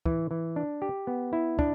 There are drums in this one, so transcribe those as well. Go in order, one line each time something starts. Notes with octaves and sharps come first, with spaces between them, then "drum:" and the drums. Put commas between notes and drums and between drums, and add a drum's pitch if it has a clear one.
E3, drum: kick
E3
D4
G4
B3
E4
D4, drum: kick